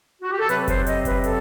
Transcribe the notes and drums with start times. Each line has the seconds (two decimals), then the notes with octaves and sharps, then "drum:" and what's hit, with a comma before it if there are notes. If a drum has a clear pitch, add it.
0.22 F#4
0.31 G4
0.40 A4
0.49 C3 F#3 C4 B4, drum: hi-hat
0.60 B4
0.68 C5, drum: kick F#1, hi-hat
0.87 D#5, drum: hi-hat
1.05 B4, drum: kick F#1, hi-hat
1.24 A4, drum: hi-hat